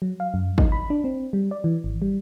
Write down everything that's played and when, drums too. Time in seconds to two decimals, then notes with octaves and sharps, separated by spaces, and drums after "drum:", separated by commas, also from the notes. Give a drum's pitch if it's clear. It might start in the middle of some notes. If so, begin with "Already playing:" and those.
0.02 F#3
0.20 F5
0.34 F#2
0.58 D#4, drum: kick
0.72 B5
0.90 D4
1.04 C4
1.33 G3
1.51 D5
1.64 E3
1.84 G#1
2.02 G3